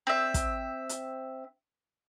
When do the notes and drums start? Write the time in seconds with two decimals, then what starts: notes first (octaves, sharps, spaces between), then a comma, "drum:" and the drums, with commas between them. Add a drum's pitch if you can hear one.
0.07 C4 E5
0.34 drum: kick, hi-hat
0.89 drum: hi-hat